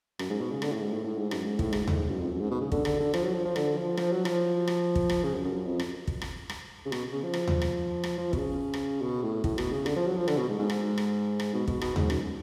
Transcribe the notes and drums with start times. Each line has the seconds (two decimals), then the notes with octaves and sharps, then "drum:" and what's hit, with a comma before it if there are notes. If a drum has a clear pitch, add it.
0.19 F#2, drum: rim click
0.30 G#2
0.40 B2
0.51 C#3
0.62 D3, drum: rim click
0.72 A2
0.83 G#2
0.93 A2
1.04 A2
1.18 G#2
1.31 F#2, drum: rim click
1.45 G#2
1.59 A2, drum: kick
1.73 G#2, drum: rim click
1.88 A2, drum: tom D#2
1.98 G#2
2.09 F#2
2.19 F2
2.30 F#2
2.40 G#2
2.51 B2
2.61 C#3
2.72 D3, drum: kick
2.85 D3, drum: rim click
3.00 D3
3.14 F3, drum: rim click
3.24 F#3
3.34 F3
3.45 F3
3.56 D3, drum: rim click
3.77 F3
3.97 F3, drum: rim click
4.12 F#3
4.25 F3, drum: rim click
4.67 drum: rim click
4.95 drum: kick
5.09 drum: rim click
5.23 C#3
5.34 F#2
5.44 F#2
5.55 F#2
5.65 F2
5.79 drum: rim click
6.07 drum: kick
6.21 drum: rim click
6.49 drum: rim click
6.85 C#3
6.92 B2, drum: rim click
7.12 C#3
7.23 F3
7.34 drum: rim click
7.48 drum: tom D#2
7.62 drum: rim click
8.04 drum: rim click
8.18 F3
8.33 B2, drum: kick
8.38 C#3
8.74 drum: rim click
9.02 B2
9.23 A2
9.44 A2, drum: kick
9.58 B2, drum: rim click
9.72 C#3
9.86 D3, drum: rim click
9.96 F3
10.07 F#3
10.17 F3
10.28 D3, drum: rim click
10.38 B2
10.49 G#2
10.59 G#2
10.70 drum: rim click
10.98 drum: rim click
11.40 drum: rim click
11.54 B2
11.68 B2, drum: kick
11.81 B2, drum: rim click
11.96 G#2, drum: tom D#2
12.10 F#2, drum: rim click